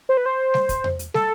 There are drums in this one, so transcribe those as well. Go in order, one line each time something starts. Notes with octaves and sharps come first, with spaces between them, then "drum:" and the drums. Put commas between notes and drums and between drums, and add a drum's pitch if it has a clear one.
C5
B4
C5
drum: snare
drum: kick, hi-hat
drum: tom E2
drum: hi-hat
A4, drum: snare